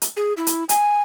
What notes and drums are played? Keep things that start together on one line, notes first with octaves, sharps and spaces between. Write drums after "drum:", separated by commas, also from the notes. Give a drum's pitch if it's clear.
drum: hi-hat
G#4
E4
drum: hi-hat
G#5, drum: hi-hat